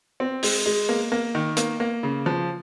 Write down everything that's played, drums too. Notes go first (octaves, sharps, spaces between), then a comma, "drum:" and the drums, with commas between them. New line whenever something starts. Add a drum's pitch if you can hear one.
C4
G#3, drum: open hi-hat
G#3
A#3
A#3
D#3
A#3, drum: hi-hat
A#3
C#3
F3